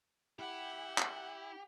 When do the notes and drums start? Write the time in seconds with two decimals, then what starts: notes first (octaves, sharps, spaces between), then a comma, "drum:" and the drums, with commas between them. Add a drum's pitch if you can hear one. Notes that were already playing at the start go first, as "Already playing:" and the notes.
0.39 E4 G4 F#5
0.98 drum: clap